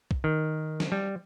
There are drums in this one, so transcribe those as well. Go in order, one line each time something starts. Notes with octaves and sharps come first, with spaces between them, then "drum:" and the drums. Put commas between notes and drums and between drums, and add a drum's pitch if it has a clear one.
drum: kick
D#3
drum: snare
G3